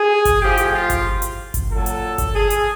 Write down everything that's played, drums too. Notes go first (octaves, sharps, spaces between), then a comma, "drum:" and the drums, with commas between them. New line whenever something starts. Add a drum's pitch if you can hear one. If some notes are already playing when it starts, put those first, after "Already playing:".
Already playing: G#4
drum: kick G1, hi-hat
A2 F3 G4
drum: hi-hat
F4
drum: kick G1, hi-hat
drum: hi-hat
drum: kick G1, hi-hat
A#2 F#3 A4
drum: hi-hat
drum: kick G1, hi-hat
G#4
drum: hi-hat